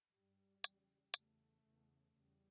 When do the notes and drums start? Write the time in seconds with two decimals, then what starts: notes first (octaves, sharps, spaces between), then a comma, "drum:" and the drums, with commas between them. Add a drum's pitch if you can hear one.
0.13 G2 G3
0.64 E2 C#3, drum: hi-hat
1.14 E2 C#3 A3, drum: hi-hat
1.65 E2 C#3
2.14 E2 C#3 G3